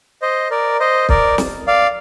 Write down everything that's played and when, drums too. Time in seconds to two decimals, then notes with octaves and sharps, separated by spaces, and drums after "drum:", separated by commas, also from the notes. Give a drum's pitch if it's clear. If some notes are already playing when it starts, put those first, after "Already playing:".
0.22 C5 D#5
0.51 A#4 D5
0.80 C5 D#5
1.09 A#4 D5, drum: kick
1.38 drum: snare
1.67 D5 F5